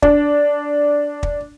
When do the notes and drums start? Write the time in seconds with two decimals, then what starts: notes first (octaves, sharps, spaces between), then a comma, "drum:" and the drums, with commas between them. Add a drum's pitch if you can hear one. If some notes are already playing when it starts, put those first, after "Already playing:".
0.02 D4, drum: kick
1.23 drum: kick